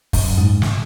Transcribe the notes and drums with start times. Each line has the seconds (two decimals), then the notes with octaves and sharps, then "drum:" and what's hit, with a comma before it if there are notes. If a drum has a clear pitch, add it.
0.13 F#2, drum: kick, open hi-hat
0.38 G#2
0.62 A#2, drum: snare